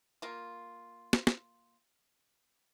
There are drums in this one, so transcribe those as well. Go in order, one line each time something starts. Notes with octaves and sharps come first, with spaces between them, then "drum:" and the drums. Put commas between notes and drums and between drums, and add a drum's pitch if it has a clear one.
A#3 F4
drum: snare
drum: snare